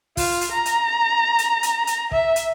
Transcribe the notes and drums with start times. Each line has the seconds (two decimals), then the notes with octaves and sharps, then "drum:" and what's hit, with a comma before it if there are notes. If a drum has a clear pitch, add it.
0.17 F4, drum: kick, open hi-hat
0.41 drum: hi-hat
0.52 A#5
0.65 drum: hi-hat
1.38 drum: hi-hat
1.63 drum: hi-hat
1.87 drum: hi-hat
2.11 E5, drum: kick
2.36 drum: hi-hat